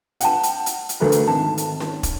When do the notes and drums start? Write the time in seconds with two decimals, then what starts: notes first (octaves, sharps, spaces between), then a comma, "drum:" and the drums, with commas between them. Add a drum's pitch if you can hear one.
0.21 F#5 G5 A5, drum: hi-hat
0.43 drum: hi-hat
0.66 drum: hi-hat
0.89 drum: hi-hat
1.00 D2 A3 A#4 B4
1.12 drum: hi-hat
1.28 G#1 A5
1.58 drum: hi-hat
1.80 drum: snare C#4
2.03 drum: kick, hi-hat